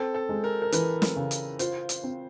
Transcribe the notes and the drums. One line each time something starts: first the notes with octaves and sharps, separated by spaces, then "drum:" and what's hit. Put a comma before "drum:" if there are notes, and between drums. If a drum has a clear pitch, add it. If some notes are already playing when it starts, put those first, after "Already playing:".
Already playing: C4 A4
A4
G#3
A#4
A#4
E3 B4, drum: hi-hat
drum: snare
C#3
drum: hi-hat
F4 C5, drum: hi-hat
drum: hi-hat
C4